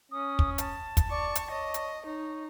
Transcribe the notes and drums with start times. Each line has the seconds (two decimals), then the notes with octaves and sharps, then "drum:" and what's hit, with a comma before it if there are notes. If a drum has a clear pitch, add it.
0.12 C#4 D#6
0.39 drum: kick
0.58 A5, drum: hi-hat
0.97 drum: kick, hi-hat
1.11 D5 C#6
1.35 drum: hi-hat
1.50 C#5 D#5
1.74 drum: hi-hat
2.06 D#4 C#5